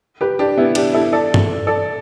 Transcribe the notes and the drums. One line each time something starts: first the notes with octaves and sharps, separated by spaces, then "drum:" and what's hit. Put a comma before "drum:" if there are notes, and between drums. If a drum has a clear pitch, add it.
G4 B4
D4 G4
B3 E4
D4 G4, drum: cymbal
E4 A4
A4 D5
drum: tom G2
A4 D5